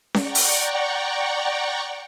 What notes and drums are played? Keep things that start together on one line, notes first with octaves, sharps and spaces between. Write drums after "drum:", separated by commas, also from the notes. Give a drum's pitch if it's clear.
D5 F#5 G5 A#5 C#6, drum: snare C#4
drum: open hi-hat